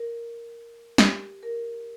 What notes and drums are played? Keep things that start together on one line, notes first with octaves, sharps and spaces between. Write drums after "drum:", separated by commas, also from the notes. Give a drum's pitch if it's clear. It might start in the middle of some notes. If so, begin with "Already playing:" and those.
Already playing: A#4
G4, drum: snare
A#4